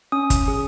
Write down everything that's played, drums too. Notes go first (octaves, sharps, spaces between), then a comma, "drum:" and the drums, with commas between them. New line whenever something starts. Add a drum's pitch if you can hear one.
C#4 D#6
drum: kick G1, hi-hat
G#4